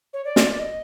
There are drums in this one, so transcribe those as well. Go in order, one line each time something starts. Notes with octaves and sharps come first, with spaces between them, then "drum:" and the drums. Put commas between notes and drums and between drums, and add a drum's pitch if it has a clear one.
C#5
D5
drum: snare
D5
D#5